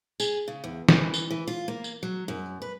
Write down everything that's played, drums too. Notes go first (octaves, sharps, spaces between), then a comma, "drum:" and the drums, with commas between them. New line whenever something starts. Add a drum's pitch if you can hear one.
G#4, drum: tambourine
C#3
E2
E3, drum: snare
drum: tambourine
E3
F4
A#3
drum: tambourine
F#3
F#2
B4